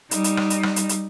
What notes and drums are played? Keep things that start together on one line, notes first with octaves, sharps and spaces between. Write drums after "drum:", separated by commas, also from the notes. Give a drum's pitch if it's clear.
G3 D#4, drum: hi-hat
drum: hi-hat
drum: rim click
drum: hi-hat
drum: rim click
drum: hi-hat
drum: hi-hat